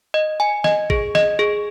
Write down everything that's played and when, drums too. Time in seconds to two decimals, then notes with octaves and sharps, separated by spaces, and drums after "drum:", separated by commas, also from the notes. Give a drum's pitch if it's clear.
0.14 D#5
0.40 G#5
0.64 D#5, drum: snare
0.90 G#4, drum: kick A1
1.15 D#5, drum: snare
1.39 G#4